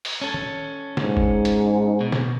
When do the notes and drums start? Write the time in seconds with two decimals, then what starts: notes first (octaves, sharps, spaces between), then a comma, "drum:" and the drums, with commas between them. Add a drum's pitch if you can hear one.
0.05 drum: open hi-hat
0.21 C#4 A4
0.34 drum: tom
0.97 G#2, drum: snare
1.17 drum: kick F#1
1.45 drum: hi-hat
2.01 B2
2.12 drum: snare